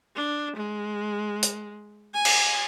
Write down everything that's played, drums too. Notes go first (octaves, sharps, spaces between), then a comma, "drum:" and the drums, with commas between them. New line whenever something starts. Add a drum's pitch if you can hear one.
D4
G#3
drum: hi-hat
G#5
drum: cymbal